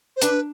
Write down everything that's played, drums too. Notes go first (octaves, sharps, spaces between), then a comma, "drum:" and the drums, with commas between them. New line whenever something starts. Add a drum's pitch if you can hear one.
C5
D4 B4, drum: hi-hat